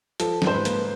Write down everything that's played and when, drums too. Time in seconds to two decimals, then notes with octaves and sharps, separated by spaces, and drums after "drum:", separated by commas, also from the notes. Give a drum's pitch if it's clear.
0.20 F3 A4, drum: hi-hat
0.42 G#2, drum: snare
0.47 C5
0.54 B4
0.65 A#3, drum: hi-hat